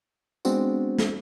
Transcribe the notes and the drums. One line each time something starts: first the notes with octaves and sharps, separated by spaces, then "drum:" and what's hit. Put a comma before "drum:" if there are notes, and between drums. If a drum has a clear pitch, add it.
G#3 B3 C4 D4 F#4 C5, drum: tambourine
drum: snare